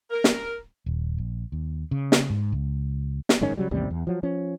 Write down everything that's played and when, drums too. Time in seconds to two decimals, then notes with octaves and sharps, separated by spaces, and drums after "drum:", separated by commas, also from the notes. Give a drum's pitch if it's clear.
0.11 A#4
0.24 drum: snare
0.86 D#1
1.18 A#1
1.52 D#2
1.91 C#3
2.12 drum: snare
2.30 G#2
2.52 C#2
3.29 drum: snare
3.41 F#1 G#2 D#3 C#4
3.57 C#3 F#3 G3
3.71 A1 D#2 C3 G3
3.90 E2
4.07 F3 F#3
4.23 F3 C#4